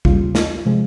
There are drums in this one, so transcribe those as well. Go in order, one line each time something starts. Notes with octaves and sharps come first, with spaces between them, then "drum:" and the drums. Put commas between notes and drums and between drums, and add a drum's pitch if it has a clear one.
D#2 C#3 G3 F4, drum: kick
drum: snare
C3 F3 G#3